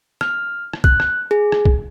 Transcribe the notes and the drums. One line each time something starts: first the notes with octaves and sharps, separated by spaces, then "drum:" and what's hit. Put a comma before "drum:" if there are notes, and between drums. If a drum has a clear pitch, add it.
F6, drum: rim click
drum: rim click
F#6, drum: kick
drum: rim click
G#4
drum: rim click
drum: kick